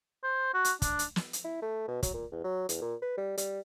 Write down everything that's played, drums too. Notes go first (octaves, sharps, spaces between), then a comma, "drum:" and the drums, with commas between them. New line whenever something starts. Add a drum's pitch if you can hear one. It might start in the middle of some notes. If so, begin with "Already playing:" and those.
C5
F#4
drum: hi-hat
D4, drum: kick, hi-hat
drum: hi-hat
drum: snare
drum: hi-hat
E4
A3
B2
F#3, drum: kick, hi-hat
A#2
E2
F#3
E2, drum: hi-hat
A#2
B4
G3
G3, drum: hi-hat